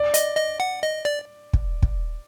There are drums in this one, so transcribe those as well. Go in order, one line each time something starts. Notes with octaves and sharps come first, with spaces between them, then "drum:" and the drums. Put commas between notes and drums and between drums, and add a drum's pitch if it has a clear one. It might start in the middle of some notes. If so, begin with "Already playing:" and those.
Already playing: D5
D#5, drum: hi-hat
D#5
F#5
D#5
D5
drum: kick
drum: kick